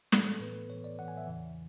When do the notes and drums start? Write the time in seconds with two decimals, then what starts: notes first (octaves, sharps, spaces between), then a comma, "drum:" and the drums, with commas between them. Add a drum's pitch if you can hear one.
0.12 A2 E3 B3 A4, drum: snare
0.41 A2 E3 B3 B4
0.69 A2 E3 B3 C#5
0.84 D5
0.99 A2 E3 B3 F#5
1.08 G#5
1.18 E5
1.27 E2 C#3 E3